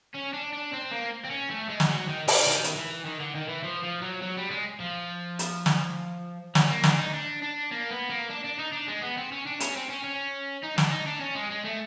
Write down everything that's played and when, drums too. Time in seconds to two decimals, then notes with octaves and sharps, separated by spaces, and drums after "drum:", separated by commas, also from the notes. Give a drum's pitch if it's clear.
0.14 C#4
0.33 D4
0.53 D4
0.73 C4
0.92 A#3
1.25 C4
1.30 C#4
1.50 A3
1.69 G#3
1.80 drum: snare
1.89 F#3
2.09 D#3
2.28 D3, drum: open hi-hat
2.48 D#3
2.64 drum: hi-hat
2.76 E3
3.06 D#3
3.20 D3
3.35 D#3
3.49 E3
3.64 F3
3.84 F3
4.02 F#3
4.22 F#3
4.37 G3
4.50 G#3
4.80 F3
5.39 drum: hi-hat
5.66 drum: snare
6.55 F#3, drum: snare
6.70 A#3
6.84 D4, drum: snare
6.99 D#4
7.14 D4
7.42 D4
7.71 A#3
7.91 B3
8.10 A#3
8.30 D4
8.45 D4
8.59 D#4
8.73 D4
8.88 G#3
9.02 B3
9.17 C4
9.32 C#4
9.46 D4
9.60 C#4, drum: hi-hat
9.76 C4
9.90 C#4
10.04 C#4
10.63 D#4
10.78 D4, drum: snare
10.92 D#4
11.07 D4
11.21 C#4
11.35 G#3
11.51 G#3
11.65 A3